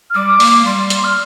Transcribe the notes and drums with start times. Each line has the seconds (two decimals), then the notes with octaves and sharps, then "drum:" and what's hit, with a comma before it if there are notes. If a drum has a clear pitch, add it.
0.10 F6
0.15 G3 D6
0.40 A#3, drum: open hi-hat
0.65 G3 C6
0.90 drum: hi-hat
1.03 F6